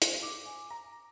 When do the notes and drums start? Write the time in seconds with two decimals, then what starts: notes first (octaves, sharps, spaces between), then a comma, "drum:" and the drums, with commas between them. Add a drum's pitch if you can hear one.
0.02 C5, drum: hi-hat
0.23 D6
0.46 G#5
0.70 A#5